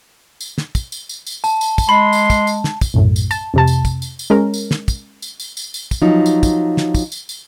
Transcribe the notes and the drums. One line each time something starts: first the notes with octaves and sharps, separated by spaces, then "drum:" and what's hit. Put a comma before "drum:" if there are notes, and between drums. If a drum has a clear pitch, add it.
drum: tambourine
drum: snare
drum: kick, tambourine
drum: tambourine
drum: tambourine
drum: tambourine
A5, drum: tambourine
drum: tambourine
drum: kick, tambourine
G#3 B5 C6
drum: tambourine
drum: kick, tambourine
drum: tambourine
drum: snare
drum: kick, tambourine
B1 F#2 A2
drum: tambourine
A5, drum: tambourine
F2 C3 A5
drum: tambourine
drum: kick, tambourine
drum: tambourine
drum: tambourine
G#3 C#4 A#4
drum: tambourine
drum: snare
drum: kick, tambourine
drum: tambourine
drum: tambourine
drum: tambourine
drum: tambourine
drum: kick, tambourine
F3 F#3 D#4
drum: tambourine
drum: kick, tambourine
drum: snare
drum: kick, tambourine
drum: tambourine
drum: tambourine